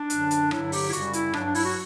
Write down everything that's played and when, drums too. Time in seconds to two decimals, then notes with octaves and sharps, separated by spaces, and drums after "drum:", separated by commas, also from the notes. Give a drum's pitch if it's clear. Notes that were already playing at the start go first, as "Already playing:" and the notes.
Already playing: D4
0.10 F#2 D3 F#3, drum: hi-hat
0.31 drum: hi-hat
0.51 G2 D3 F#3 E4, drum: rim click
0.72 G4, drum: open hi-hat
0.88 E4
0.93 F#2 C#3 G3 F#4, drum: hi-hat
1.13 E4, drum: hi-hat
1.34 G2 F#3 D4, drum: rim click
1.44 D4
1.55 E4, drum: open hi-hat
1.65 F#4